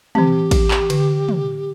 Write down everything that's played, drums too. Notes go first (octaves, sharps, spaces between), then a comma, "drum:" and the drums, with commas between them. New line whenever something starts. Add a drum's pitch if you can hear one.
E3 C4 G4, drum: tom
drum: kick, cymbal
drum: clap
D3, drum: cymbal
drum: tom